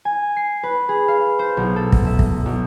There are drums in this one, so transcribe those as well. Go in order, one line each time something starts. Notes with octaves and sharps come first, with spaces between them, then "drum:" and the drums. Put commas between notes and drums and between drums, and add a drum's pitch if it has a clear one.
G#5
C7
B4
G#4
F5
C5
B1
A4
drum: kick
E5
drum: kick
B1